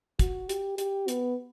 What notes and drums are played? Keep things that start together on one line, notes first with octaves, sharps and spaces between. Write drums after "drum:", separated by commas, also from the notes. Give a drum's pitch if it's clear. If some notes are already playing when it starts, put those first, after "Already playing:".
F#4, drum: kick, hi-hat
G4, drum: hi-hat
G4, drum: hi-hat
B3, drum: hi-hat